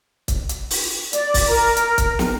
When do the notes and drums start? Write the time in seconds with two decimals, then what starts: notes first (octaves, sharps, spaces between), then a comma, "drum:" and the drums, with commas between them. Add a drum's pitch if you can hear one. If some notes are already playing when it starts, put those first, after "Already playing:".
0.28 drum: kick C#1, hi-hat
0.49 drum: hi-hat
0.70 drum: open hi-hat
1.13 D5, drum: hi-hat
1.34 drum: kick C#1, open hi-hat
1.48 A#4
1.77 drum: hi-hat
1.98 drum: kick C#1, hi-hat
2.19 drum: snare